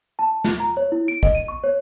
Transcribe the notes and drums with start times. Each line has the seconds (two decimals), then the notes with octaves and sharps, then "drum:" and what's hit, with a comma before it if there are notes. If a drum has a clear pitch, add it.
0.19 A5
0.44 F4, drum: snare
0.60 A#5
0.77 C#5
0.92 E4
1.08 D7
1.23 D#5, drum: kick
1.35 D#7
1.48 C#6
1.64 C#5